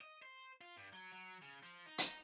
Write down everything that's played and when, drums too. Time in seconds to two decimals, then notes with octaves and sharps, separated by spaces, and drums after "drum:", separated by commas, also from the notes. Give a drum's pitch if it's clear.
0.01 D#5
0.22 C5
0.61 F4
0.77 G2
0.93 F#3
1.12 F#3
1.42 C#3
1.63 F3
1.86 D#4
1.98 drum: hi-hat